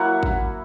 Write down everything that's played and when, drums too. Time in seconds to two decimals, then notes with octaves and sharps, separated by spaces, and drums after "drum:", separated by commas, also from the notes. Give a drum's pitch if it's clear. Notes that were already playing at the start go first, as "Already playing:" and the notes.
Already playing: F#3 A#3 E4 F#5
0.23 drum: kick